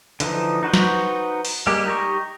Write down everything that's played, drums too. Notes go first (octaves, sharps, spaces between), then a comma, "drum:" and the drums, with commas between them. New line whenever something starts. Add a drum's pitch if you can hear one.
D3 E3 F3 D#4, drum: hi-hat
D#4 F#4 B4 C5
drum: snare
drum: open hi-hat
G3 G#3 A#3 G4
D#4 G4 A#5 C#6